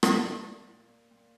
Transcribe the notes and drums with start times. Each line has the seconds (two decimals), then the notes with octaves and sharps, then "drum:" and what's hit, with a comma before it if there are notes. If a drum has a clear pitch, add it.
0.03 drum: rim click
0.16 E5
0.23 A#2 D5
0.67 A#2
1.11 A#2